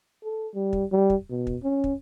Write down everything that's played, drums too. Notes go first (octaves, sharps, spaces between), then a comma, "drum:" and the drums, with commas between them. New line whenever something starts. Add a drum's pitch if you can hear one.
A4
G3
drum: kick
G3
drum: kick
B2
drum: kick
C#4
drum: kick